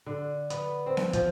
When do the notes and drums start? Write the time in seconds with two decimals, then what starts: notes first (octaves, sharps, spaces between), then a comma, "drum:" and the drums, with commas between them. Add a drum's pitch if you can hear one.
0.06 D3
0.50 B3, drum: hi-hat
0.86 C4
0.97 drum: snare B3
1.13 F3, drum: kick, hi-hat